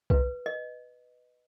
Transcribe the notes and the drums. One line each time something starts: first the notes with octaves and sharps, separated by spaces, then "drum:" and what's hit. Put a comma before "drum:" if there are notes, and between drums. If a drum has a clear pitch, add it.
B4, drum: kick B1
D#5